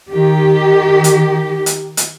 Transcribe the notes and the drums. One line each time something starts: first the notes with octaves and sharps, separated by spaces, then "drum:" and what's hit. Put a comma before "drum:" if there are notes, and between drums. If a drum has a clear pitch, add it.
D#3 G4
drum: hi-hat
drum: hi-hat
drum: hi-hat